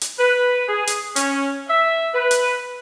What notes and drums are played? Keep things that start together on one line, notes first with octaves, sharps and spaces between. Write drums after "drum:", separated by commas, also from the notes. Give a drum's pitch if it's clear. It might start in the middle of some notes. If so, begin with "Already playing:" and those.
drum: hi-hat
B4
G#4
drum: hi-hat
C#4, drum: hi-hat
E5
B4
drum: hi-hat